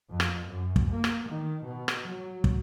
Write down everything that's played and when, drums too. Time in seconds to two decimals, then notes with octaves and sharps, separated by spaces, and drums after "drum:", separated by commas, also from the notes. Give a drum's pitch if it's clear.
0.11 F2
0.20 drum: rim click
0.48 F#2
0.76 drum: kick
0.90 A#3
1.04 drum: rim click
1.28 D#3
1.65 B2
1.88 drum: rim click
2.06 F#3
2.44 drum: kick